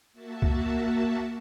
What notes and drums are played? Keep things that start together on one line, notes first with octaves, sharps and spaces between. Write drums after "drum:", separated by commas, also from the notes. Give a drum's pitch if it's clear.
A#3 F#4 E5 A5
drum: kick C#2